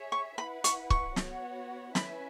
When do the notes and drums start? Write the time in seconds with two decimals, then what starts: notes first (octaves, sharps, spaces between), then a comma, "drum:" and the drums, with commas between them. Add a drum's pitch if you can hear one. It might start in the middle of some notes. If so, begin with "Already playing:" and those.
Already playing: G#4 C#5 E5
0.12 C#6
0.38 E4 B4 F#5 B5
0.64 C#6, drum: hi-hat
0.90 C#6, drum: kick
1.16 B3 F#4 C#5 F#5, drum: snare
1.95 C#4 E4 B4 E5 G#5 B5, drum: snare